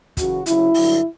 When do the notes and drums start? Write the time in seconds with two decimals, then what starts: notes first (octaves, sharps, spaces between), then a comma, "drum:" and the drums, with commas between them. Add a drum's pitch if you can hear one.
0.17 F#2 C#3 E3 F#4, drum: kick, hi-hat
0.46 D2 C#3 F#3 E4, drum: hi-hat
0.74 G2 D3 F#3, drum: open hi-hat